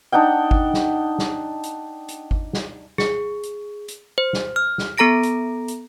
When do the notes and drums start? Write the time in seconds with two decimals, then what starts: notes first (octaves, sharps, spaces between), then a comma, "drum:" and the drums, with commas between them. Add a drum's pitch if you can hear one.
0.12 D4 D#4 F#5 G5
0.51 drum: kick G1
0.74 drum: snare
1.19 drum: snare
1.63 drum: hi-hat
2.08 drum: hi-hat
2.31 drum: kick G1
2.53 drum: snare
2.98 G#4, drum: snare
3.43 drum: hi-hat
3.88 drum: hi-hat
4.18 C5
4.33 drum: snare
4.56 F6
4.78 drum: snare
4.98 B3 A4 A#5 A#6 D7
5.23 drum: hi-hat
5.68 drum: hi-hat